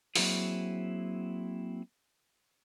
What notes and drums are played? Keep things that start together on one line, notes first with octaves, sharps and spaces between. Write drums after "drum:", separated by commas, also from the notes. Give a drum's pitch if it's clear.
F#3 A#3 C4 E4 F#4 G#4, drum: open hi-hat